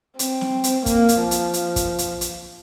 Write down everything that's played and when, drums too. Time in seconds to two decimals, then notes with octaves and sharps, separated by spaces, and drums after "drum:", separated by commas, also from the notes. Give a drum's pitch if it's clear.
0.19 C4, drum: hi-hat
0.41 drum: snare
0.64 drum: hi-hat
0.86 A#3, drum: kick, hi-hat
1.09 drum: hi-hat
1.20 F3
1.31 drum: hi-hat
1.54 drum: hi-hat
1.76 drum: kick, hi-hat
1.98 drum: hi-hat
2.21 drum: hi-hat